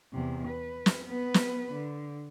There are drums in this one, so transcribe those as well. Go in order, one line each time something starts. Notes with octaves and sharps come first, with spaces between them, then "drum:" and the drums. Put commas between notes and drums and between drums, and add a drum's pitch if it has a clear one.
E2 C3
B4
drum: snare
B3 B4
drum: snare
D3